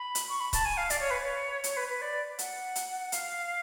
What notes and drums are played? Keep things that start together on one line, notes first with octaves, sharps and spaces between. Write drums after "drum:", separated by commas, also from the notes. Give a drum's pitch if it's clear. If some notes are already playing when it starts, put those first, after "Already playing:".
Already playing: B5
drum: hi-hat
C#6
B5
A5, drum: kick C#1, hi-hat
G#5
F5
D5, drum: hi-hat
C#5
B4
C#5
C#5, drum: hi-hat
B4
B4
D5
F#5, drum: hi-hat
drum: hi-hat
F5, drum: hi-hat